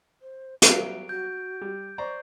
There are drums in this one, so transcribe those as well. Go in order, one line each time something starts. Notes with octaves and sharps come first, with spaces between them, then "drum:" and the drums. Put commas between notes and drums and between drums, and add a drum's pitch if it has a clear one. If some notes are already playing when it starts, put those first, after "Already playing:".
C5
F#3 G3 E5 F5 D7, drum: hi-hat
F#4 G6
G3
C5 D5 A#5 C#6